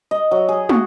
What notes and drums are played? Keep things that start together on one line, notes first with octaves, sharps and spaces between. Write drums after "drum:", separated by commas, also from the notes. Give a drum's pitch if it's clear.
D#5
F#3
G#4
F#4, drum: tom